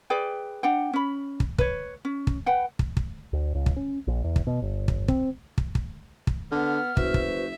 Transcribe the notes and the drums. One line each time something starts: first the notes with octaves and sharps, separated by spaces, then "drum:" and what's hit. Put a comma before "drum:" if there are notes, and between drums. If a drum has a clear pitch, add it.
G#4 B4 D5 G5
D4 F#5 G5
C#4 B5
drum: kick
B4 C#5, drum: kick
C#4
drum: kick
B4 F#5 G5
drum: kick
drum: kick
D2
C#2
drum: kick
C#4
A#1
E2
drum: kick
B2
G1
drum: kick
C4, drum: kick
drum: kick
drum: kick
drum: kick
D3 B3 F6
F#1 F#4 B4 C5 E5, drum: kick
drum: kick